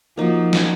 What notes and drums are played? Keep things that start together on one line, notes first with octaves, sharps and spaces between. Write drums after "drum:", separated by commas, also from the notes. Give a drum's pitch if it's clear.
F3 A#3 D#4 F#4
drum: snare